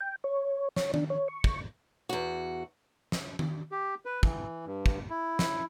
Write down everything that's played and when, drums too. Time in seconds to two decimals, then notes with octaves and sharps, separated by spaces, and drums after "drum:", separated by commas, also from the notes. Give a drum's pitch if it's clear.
0.01 G5
0.24 C#5
0.76 C#5, drum: snare
0.94 D4, drum: tom D#3
1.10 C#5
1.28 C#6
1.44 drum: kick
2.09 E2 F#4
3.12 drum: snare
3.39 drum: tom D#3
3.71 G4
4.05 B4
4.23 E3, drum: kick
4.66 G2
4.86 drum: kick
5.10 E4
5.39 drum: snare